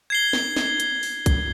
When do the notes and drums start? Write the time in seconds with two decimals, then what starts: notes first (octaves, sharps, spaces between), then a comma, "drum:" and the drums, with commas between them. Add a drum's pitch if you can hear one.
0.10 G#6 C7 G7
0.33 drum: snare
0.57 drum: snare
0.80 drum: hi-hat
1.03 drum: open hi-hat
1.26 drum: kick A#1, hi-hat